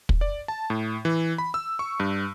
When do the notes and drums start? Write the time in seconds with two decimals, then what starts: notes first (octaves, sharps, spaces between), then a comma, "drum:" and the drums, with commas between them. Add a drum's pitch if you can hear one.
0.09 drum: kick
0.21 D5
0.48 A5
0.70 A2
1.05 E3
1.38 B5
1.54 E6
1.79 C#6
2.00 G2